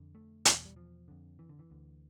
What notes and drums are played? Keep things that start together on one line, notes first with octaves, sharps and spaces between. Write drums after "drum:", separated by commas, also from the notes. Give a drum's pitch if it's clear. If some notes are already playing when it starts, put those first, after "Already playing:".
Already playing: F2 D3
A3
E2 B2, drum: hi-hat
G3
F3
F2 D3
E3
D3
E3
D2 D3